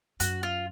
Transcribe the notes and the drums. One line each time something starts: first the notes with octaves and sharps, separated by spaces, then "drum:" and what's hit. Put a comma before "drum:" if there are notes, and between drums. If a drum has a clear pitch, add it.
F#2 F#4, drum: hi-hat
F4